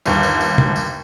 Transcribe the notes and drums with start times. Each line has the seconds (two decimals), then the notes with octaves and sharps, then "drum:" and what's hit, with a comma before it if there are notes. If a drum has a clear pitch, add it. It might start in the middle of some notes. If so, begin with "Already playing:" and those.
0.06 G1 D#2, drum: tambourine
0.23 drum: tambourine
0.41 drum: tambourine
0.58 drum: tom C3
0.76 drum: tambourine